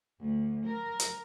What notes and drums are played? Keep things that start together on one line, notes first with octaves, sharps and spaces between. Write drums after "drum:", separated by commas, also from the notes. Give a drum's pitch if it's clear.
D2
A#4
drum: hi-hat